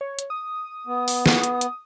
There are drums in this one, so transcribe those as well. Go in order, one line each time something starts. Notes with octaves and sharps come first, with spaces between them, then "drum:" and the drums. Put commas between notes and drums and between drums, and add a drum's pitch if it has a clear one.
C#5
drum: hi-hat
D#6
B3
drum: open hi-hat
drum: snare
drum: hi-hat
drum: hi-hat